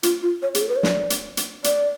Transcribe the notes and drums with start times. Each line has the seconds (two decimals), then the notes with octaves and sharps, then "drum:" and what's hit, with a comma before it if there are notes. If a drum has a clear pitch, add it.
0.03 F4, drum: hi-hat
0.23 F4
0.42 C#5
0.55 G#4, drum: hi-hat
0.61 A4
0.69 B4
0.76 C#5
0.83 D5, drum: snare
1.10 drum: hi-hat
1.37 drum: hi-hat
1.64 D5, drum: hi-hat